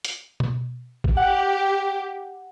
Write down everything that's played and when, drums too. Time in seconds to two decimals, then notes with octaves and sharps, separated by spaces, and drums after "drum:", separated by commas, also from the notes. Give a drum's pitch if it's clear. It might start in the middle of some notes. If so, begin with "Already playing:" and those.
0.05 drum: hi-hat
0.40 drum: tom B2
1.04 drum: kick G#1
1.17 G4 F#5